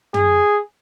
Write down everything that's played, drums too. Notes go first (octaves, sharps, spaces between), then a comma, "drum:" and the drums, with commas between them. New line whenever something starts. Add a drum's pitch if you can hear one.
G#4, drum: tom